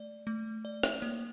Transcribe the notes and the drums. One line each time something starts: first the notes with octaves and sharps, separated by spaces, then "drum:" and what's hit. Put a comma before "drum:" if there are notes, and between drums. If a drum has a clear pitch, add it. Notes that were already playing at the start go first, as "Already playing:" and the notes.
Already playing: A3 D5
A3
D5
drum: rim click
A#3